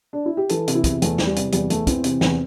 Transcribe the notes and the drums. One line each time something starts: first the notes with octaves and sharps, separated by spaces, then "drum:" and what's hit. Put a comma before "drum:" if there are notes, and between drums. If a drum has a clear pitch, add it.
D4
E4
G4
E3 A4, drum: hi-hat
C3, drum: hi-hat
E4
E2, drum: kick, hi-hat
E2 A3, drum: hi-hat
E3, drum: snare
G3
C3, drum: hi-hat
E2 G3, drum: hi-hat
E2 A3, drum: hi-hat
E3 C4, drum: kick, hi-hat
C3, drum: hi-hat
E2, drum: snare